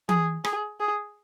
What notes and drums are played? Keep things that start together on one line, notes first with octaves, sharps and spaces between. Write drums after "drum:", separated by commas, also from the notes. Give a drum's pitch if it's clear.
G#4, drum: tom E3
G#4, drum: rim click
G#4